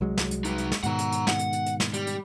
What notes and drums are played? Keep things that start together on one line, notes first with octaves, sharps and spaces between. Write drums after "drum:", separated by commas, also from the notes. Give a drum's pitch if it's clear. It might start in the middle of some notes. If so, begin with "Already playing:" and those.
C2 F#3 G#3
drum: snare
drum: hi-hat
D#4 B4, drum: hi-hat
drum: hi-hat
drum: snare
G#2 B2 D#3 F#5 A#5, drum: hi-hat
drum: hi-hat
drum: hi-hat
F#5, drum: snare
drum: hi-hat
drum: hi-hat
drum: hi-hat
drum: snare
G3, drum: hi-hat
drum: hi-hat